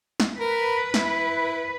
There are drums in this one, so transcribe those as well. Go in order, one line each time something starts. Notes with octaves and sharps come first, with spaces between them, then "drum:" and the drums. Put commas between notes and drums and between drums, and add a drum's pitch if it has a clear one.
drum: snare
A#4 B4
E4, drum: snare